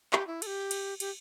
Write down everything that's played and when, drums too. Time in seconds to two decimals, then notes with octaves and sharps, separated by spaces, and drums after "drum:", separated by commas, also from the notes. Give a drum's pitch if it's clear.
0.13 G4, drum: clap
0.27 E4
0.42 A4, drum: cymbal
0.47 G4
0.71 drum: cymbal
1.00 G4, drum: cymbal